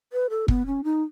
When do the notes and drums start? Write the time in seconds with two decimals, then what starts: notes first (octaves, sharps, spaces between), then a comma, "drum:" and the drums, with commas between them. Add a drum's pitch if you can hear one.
0.13 B4
0.30 A4
0.48 B3, drum: kick
0.66 C#4
0.84 D#4